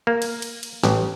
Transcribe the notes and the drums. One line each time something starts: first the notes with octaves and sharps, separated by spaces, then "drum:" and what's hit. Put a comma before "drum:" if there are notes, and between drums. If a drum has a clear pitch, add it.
A#3
drum: cymbal
drum: cymbal
drum: cymbal
A1, drum: snare